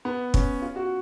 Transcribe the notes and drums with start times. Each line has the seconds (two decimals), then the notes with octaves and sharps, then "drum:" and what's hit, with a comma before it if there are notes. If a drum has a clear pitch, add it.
0.05 B3
0.34 C#4, drum: kick
0.62 F4
0.76 F#4